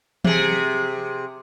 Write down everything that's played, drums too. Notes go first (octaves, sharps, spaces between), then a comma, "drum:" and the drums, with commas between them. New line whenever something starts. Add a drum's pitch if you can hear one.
C3 G#4, drum: tom E3